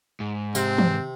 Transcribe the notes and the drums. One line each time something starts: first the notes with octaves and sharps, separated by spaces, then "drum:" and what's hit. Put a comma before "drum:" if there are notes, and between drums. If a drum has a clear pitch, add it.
G#2
C3 C4, drum: tambourine
drum: tom